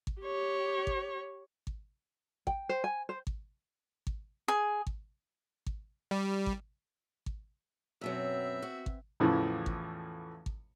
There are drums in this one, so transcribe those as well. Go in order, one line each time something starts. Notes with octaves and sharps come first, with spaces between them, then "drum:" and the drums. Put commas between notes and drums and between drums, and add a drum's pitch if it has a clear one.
drum: kick G#1
G4 C#5
drum: kick G#1
drum: kick G#1
G5, drum: kick G#1
C5
G#5
C5
drum: kick G#1
drum: kick G#1
G#4
drum: kick G#1
drum: kick G#1
G3
drum: kick G#1
drum: kick G#1
F#2 B2 F#3 C4 E5
F#4
drum: kick G#1
E2 A2 C#3 E3 F3
drum: kick G#1
drum: kick G#1